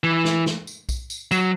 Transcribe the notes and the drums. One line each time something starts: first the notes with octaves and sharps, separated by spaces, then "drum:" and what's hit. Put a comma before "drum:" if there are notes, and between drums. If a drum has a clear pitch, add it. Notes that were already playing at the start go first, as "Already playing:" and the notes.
E3
drum: snare
drum: snare
drum: tambourine
drum: kick B1, tambourine
drum: tambourine
F#3, drum: tambourine